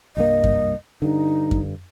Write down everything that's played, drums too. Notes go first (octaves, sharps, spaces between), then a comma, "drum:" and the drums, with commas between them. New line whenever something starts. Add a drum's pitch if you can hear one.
C2 G2 A#3 D#5
drum: kick F#2
G2 D3 D#4
drum: kick F#2